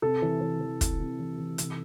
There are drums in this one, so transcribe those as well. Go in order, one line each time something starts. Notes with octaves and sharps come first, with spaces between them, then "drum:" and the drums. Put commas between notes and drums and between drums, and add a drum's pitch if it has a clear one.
C3 A4
E3
E3
E3
C3, drum: kick, hi-hat
C3
E3
E3
C3, drum: hi-hat